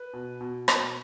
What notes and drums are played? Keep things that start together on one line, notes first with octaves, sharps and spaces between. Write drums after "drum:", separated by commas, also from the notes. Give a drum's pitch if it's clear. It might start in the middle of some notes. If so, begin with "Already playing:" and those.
Already playing: B4
B2
B2
B2, drum: rim click